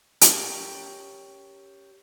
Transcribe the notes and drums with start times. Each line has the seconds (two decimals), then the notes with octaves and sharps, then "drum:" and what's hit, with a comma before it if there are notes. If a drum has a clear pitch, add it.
0.21 C#4 G4 A#4, drum: hi-hat